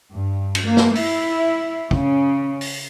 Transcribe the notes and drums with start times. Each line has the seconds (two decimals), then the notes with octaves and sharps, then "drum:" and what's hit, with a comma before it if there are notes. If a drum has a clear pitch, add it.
0.12 G2
0.55 drum: cymbal
0.65 A#3
0.77 drum: snare
0.95 E4, drum: open hi-hat
1.91 C#3, drum: kick
2.61 drum: open hi-hat